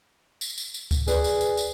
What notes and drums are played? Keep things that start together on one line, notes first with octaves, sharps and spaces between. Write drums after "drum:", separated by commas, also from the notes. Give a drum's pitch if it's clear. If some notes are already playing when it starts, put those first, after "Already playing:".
drum: tambourine
drum: tambourine
drum: tambourine
drum: kick D2, tambourine
G#4 B4 D5, drum: tambourine
drum: tambourine
drum: tambourine
drum: tambourine